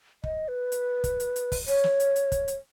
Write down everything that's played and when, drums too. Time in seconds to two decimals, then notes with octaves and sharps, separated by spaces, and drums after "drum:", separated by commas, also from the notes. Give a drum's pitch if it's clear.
0.24 D#5, drum: kick
0.48 B4
0.72 drum: hi-hat
1.04 drum: kick, hi-hat
1.20 drum: hi-hat
1.36 drum: hi-hat
1.52 drum: kick, open hi-hat
1.67 C#5, drum: hi-hat
1.84 drum: snare
2.00 drum: hi-hat
2.16 drum: hi-hat
2.32 drum: kick, hi-hat
2.48 drum: hi-hat